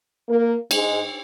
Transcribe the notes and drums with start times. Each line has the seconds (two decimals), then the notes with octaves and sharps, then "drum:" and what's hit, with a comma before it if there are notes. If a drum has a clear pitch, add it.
0.28 A#3 A#4
0.71 G#2 G#3, drum: cymbal